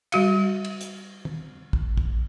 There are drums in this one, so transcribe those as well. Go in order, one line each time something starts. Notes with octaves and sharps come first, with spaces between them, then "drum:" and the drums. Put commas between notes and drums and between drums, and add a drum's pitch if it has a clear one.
G3 F#4 F5, drum: cymbal
drum: cymbal
drum: hi-hat
drum: tom
drum: kick
drum: kick